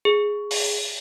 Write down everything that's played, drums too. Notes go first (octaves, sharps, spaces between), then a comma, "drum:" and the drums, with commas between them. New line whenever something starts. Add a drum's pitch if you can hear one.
G#4
drum: open hi-hat